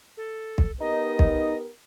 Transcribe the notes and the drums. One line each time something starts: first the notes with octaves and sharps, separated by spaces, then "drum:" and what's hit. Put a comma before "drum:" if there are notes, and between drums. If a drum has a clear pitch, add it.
A4
drum: kick
B3 D#4 G4 A#4 D#5
drum: kick